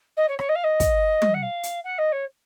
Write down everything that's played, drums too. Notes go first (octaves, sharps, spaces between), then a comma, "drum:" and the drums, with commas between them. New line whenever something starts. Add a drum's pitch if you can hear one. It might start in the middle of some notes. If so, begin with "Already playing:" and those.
D#5
C#5
C#5, drum: rim click
D#5
F5
D#5
drum: kick, hi-hat
drum: tom
F#5
F5
drum: hi-hat
F#5
D#5
C#5